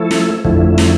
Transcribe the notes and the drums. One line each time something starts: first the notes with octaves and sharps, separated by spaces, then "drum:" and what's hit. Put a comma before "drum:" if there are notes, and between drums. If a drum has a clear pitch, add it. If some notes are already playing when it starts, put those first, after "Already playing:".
Already playing: F3 A3 E4 A4
drum: snare
F2 D3 F3 A3 E4, drum: kick
drum: snare